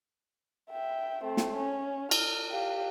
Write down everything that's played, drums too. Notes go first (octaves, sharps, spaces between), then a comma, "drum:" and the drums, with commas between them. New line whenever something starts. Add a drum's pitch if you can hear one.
E5 G5
A3 C4
drum: snare
C#4
F6, drum: cymbal
G4 F5